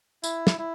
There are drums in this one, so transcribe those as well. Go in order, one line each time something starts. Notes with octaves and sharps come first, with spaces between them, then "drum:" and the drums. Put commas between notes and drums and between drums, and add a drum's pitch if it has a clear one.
E4, drum: tambourine
drum: snare
E4